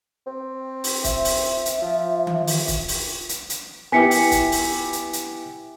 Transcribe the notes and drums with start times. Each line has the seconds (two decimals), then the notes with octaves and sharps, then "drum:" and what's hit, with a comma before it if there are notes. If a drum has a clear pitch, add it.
0.27 C4
0.84 drum: open hi-hat
1.04 E5, drum: kick C#1, hi-hat
1.25 drum: open hi-hat
1.66 drum: hi-hat
1.82 F3
2.27 drum: tom D#3
2.47 drum: open hi-hat
2.68 drum: kick C#1, hi-hat
2.88 drum: open hi-hat
3.29 drum: hi-hat
3.50 drum: hi-hat
3.92 B3 E4 G4 G#5 B6 C#7
4.11 drum: open hi-hat
4.31 drum: kick C#1, hi-hat
4.52 drum: open hi-hat
4.93 drum: hi-hat
5.13 drum: hi-hat